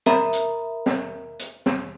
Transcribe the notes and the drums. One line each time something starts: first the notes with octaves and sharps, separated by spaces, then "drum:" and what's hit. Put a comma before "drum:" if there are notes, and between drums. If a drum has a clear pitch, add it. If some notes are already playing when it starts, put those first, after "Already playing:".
A#4 E5 A#5 B5, drum: snare
drum: hi-hat
drum: snare
drum: hi-hat
drum: snare